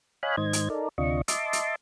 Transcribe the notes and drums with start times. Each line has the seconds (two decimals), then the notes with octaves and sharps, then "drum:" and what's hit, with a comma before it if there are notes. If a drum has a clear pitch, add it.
0.23 C#5 D#5 F5 G#5 B5 F#6
0.37 G#2 D#3 C5 D#5 G#6
0.53 drum: hi-hat
0.70 D#4 A4 A#4 D5
0.98 D2 C3 D4 F4 D#5 C#6
1.28 D#5 E5 A5 C6 D6, drum: hi-hat
1.53 drum: hi-hat